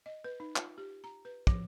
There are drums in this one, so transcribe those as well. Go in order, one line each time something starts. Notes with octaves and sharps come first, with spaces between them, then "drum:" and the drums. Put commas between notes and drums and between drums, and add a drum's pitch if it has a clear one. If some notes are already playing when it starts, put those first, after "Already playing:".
D#5
B4
D#4
F4, drum: clap
G4
A#5
B4
F3, drum: kick